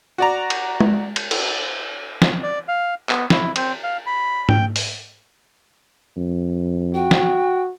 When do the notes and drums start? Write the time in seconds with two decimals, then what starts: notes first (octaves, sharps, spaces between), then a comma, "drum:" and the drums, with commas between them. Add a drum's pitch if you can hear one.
0.18 F#4 D5 A#5
0.50 drum: cymbal
0.81 drum: tom G#3
1.16 drum: cymbal
1.31 drum: cymbal
2.22 drum: snare
2.43 D5
2.68 F5
3.09 B3, drum: clap
3.30 E4, drum: snare
3.56 C4, drum: cymbal
3.84 F5
4.06 B5
4.49 G5, drum: tom G#2
4.76 drum: open hi-hat
6.17 F2
6.94 F#4 G5
7.11 drum: snare